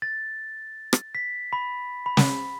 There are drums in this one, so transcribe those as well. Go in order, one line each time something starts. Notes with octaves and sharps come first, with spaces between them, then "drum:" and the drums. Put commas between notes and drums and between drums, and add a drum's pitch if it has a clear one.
A6
drum: rim click
B6
B5
B5
drum: snare